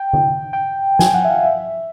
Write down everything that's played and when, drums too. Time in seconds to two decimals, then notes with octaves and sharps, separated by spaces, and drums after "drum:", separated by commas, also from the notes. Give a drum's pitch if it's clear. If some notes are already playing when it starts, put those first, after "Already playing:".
Already playing: G5
0.13 drum: tom D3
0.53 G5
0.99 G#5, drum: snare
1.06 G5
1.14 F#5
1.24 E5
1.30 F5
1.45 E5